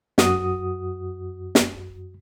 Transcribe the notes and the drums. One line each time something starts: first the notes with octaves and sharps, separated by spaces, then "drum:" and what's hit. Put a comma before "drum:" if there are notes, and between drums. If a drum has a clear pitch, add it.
F#2 F#4 D#6, drum: snare
drum: snare